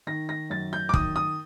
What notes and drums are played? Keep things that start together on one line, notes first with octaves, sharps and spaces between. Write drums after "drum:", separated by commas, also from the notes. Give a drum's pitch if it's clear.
D#3 A#6
A#6
F#2 A6
G6
D6
D#3 D#6, drum: kick
D#6